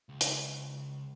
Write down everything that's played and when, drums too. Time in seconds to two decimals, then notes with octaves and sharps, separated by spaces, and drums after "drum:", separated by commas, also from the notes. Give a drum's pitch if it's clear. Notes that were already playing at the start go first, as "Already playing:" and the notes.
0.09 C#2
0.21 drum: hi-hat